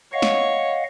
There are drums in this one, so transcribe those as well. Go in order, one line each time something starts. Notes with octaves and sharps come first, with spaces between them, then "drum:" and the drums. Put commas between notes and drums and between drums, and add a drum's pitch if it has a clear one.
C#5 D#5 F5 F#5
drum: snare